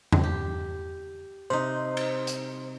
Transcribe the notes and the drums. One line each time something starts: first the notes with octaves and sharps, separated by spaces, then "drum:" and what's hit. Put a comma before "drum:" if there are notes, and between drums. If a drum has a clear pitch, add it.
drum: tom E2
G4
C3 D#4 C5
drum: cymbal
drum: hi-hat